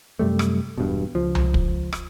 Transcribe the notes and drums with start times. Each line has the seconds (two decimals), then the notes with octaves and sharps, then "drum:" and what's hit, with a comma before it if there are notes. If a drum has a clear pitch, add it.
0.19 F#2 C3 G3 A3
0.39 drum: rim click
0.78 E1 G2 B2
1.15 C#2 F3
1.35 drum: tom C2
1.54 drum: kick
1.93 drum: rim click